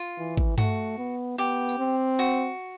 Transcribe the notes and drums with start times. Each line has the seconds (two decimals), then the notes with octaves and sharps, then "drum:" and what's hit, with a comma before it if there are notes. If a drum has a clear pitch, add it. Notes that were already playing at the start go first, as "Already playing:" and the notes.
Already playing: F4
0.18 E3
0.37 drum: kick G#1
0.58 A3 F#4, drum: tom G2
0.98 B3
1.38 B3 G4
1.69 drum: tambourine
1.79 C4
2.19 F#4